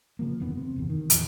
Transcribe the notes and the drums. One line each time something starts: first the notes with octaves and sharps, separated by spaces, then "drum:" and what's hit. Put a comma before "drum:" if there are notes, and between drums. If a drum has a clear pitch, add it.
C#3 F3 A#3
E1 F#2 D#3 B3
C3
F#1 E2
D#3
A#1 E2 E3, drum: hi-hat